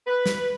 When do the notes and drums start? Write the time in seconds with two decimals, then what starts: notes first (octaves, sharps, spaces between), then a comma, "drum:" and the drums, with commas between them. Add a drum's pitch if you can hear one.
0.07 B4
0.26 drum: snare